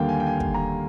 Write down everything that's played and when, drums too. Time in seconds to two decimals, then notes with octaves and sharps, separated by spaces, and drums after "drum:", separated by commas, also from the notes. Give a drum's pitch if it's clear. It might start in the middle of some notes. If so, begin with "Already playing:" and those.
Already playing: D#2 D3 G3 A#3 F5 G5
0.09 G#5
0.20 G5
0.26 G#5
0.40 drum: kick
0.54 A#5